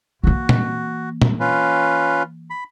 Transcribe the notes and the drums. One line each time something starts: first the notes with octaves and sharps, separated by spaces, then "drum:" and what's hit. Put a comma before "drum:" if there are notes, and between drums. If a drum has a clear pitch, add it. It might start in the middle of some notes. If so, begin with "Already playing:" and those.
E3 A#3 F#4
drum: tom A#2
drum: tom A#2
C#4 F4 B4
B5